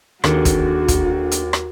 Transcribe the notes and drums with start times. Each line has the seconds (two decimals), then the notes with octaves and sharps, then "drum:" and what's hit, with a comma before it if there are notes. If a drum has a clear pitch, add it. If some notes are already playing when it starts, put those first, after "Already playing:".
0.24 D#2 D4 F#4 G#4 A4, drum: rim click
0.45 drum: kick, hi-hat
0.88 drum: kick, hi-hat
1.31 drum: hi-hat
1.53 drum: rim click